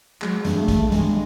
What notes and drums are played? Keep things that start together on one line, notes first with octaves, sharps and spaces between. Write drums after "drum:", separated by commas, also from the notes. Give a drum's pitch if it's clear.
F#3 G#3, drum: clap
G2, drum: hi-hat
A3
G2, drum: kick A#1, hi-hat
G2 G#3, drum: hi-hat